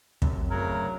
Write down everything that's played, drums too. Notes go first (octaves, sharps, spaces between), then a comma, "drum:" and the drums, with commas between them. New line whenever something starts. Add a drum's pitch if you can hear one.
F1 F#2 C3, drum: kick
D2 C#3 F#3 A#4